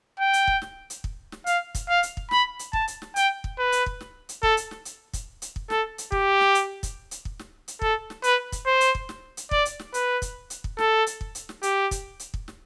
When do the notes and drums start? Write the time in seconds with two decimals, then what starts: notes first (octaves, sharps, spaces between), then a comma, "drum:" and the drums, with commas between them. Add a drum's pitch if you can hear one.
0.20 G5
0.33 drum: hi-hat
0.48 drum: kick
0.62 drum: snare
0.90 drum: hi-hat
1.04 drum: kick
1.32 drum: snare
1.46 F5, drum: hi-hat
1.75 drum: kick, hi-hat
1.89 F5
2.03 drum: hi-hat
2.17 drum: kick
2.31 B5, drum: snare
2.59 drum: hi-hat
2.73 A5, drum: kick
2.88 drum: hi-hat
3.02 drum: snare
3.16 G5, drum: hi-hat
3.44 drum: kick
3.58 B4
3.72 drum: hi-hat
3.86 drum: kick
4.01 drum: snare
4.29 drum: hi-hat
4.43 A4, drum: kick
4.57 drum: hi-hat
4.71 drum: snare
4.85 drum: hi-hat
5.13 drum: kick, hi-hat
5.42 drum: hi-hat
5.56 drum: kick
5.70 A4, drum: snare
5.98 drum: hi-hat
6.12 G4, drum: kick
6.41 drum: snare
6.55 drum: hi-hat
6.83 drum: kick, hi-hat
7.11 drum: hi-hat
7.25 drum: kick
7.39 drum: snare
7.68 drum: hi-hat
7.82 A4, drum: kick
8.10 drum: snare
8.24 B4, drum: hi-hat
8.52 drum: kick, hi-hat
8.66 C5
8.81 drum: hi-hat
8.95 drum: kick
9.09 drum: snare
9.37 drum: hi-hat
9.51 D5, drum: kick
9.65 drum: hi-hat
9.79 drum: snare
9.94 B4, drum: hi-hat
10.22 drum: kick, hi-hat
10.50 drum: hi-hat
10.64 drum: kick
10.79 A4, drum: snare
11.07 drum: hi-hat
11.21 drum: kick
11.35 drum: hi-hat
11.49 drum: snare
11.63 G4, drum: hi-hat
11.91 drum: kick, hi-hat
12.20 drum: hi-hat
12.34 drum: kick
12.48 drum: snare